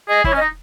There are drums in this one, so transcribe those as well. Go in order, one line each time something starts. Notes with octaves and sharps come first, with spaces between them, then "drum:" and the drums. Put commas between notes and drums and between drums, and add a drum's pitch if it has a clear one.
G#4 D#5
E4 C#5, drum: kick
C#4 D#5
D#4